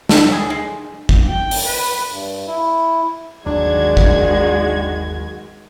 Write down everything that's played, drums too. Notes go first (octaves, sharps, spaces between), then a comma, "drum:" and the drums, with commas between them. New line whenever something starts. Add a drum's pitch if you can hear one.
A4, drum: snare
G#4
G#3
drum: kick G#1
G5
drum: open hi-hat
B4
G2
E4
G1 D#2 D#3 F#3 G#3 D4 F#4 G#6
drum: kick G#1